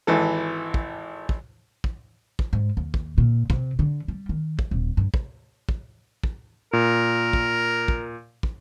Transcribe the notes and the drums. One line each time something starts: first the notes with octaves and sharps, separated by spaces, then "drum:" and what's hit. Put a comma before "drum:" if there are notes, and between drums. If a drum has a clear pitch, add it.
G#1 E3 A4
drum: kick
drum: kick
drum: kick
drum: kick
G#2
D#2
drum: kick
A#2
C3, drum: kick
D3
G3
D#3
drum: kick
D#1
G2
drum: kick
drum: kick
drum: kick
A#2 A#4
drum: kick
drum: kick
drum: kick